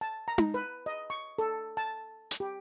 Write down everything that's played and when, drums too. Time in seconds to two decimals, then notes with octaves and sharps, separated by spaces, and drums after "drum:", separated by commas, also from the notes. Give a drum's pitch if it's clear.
0.01 A5
0.28 A#5
0.38 drum: tom D#4
0.54 B4
0.86 D#5
1.10 C#6
1.38 A4
1.77 A5
2.31 drum: hi-hat
2.40 G4